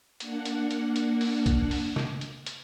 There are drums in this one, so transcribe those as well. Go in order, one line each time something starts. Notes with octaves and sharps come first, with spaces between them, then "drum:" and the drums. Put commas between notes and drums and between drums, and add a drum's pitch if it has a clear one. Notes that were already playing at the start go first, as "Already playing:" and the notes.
A#3 D4 F#5, drum: hi-hat
drum: hi-hat
drum: hi-hat
drum: hi-hat
drum: open hi-hat
drum: kick, hi-hat
drum: open hi-hat
drum: snare
drum: hi-hat
drum: hi-hat